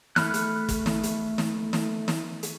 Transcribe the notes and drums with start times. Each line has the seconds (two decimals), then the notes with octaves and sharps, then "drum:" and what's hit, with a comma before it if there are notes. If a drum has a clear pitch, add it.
0.16 A3 B5 F6 F#6, drum: snare
0.34 drum: hi-hat
0.69 drum: kick, hi-hat
0.86 drum: snare
1.03 drum: hi-hat
1.38 drum: snare
1.73 drum: snare
2.08 drum: snare
2.43 drum: hi-hat